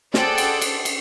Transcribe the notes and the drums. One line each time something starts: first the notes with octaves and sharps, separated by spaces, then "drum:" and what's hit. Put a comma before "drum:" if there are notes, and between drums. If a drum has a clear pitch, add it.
G#4 A4 C5 D5 F#5 G5, drum: snare
drum: cymbal
drum: cymbal
drum: cymbal